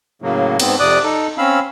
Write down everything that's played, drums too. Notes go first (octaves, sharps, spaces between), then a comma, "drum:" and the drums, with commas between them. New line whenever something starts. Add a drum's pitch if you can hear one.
A2 C#3 F#3 A#3
G#2 B3 C4, drum: cymbal
F2 C3 D5 D6 D#6 F#6
D#4 A4
C4 C#4 F5 B5 E6